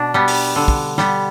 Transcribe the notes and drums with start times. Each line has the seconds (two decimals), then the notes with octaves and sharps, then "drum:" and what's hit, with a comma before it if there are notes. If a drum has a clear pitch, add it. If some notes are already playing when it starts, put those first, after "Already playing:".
Already playing: B2 D4
0.14 G3 B3
0.28 drum: open hi-hat
0.56 D3
0.68 drum: kick
0.98 G3 B3, drum: snare